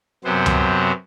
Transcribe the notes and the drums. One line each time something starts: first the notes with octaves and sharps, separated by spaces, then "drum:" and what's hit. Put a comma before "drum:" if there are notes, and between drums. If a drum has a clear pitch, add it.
F#2 C3 F#3 B3 C5
drum: tom C#2